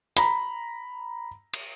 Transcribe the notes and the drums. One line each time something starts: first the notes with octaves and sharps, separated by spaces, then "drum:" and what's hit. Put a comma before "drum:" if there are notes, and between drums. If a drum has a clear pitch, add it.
A#5 B5, drum: hi-hat
drum: cymbal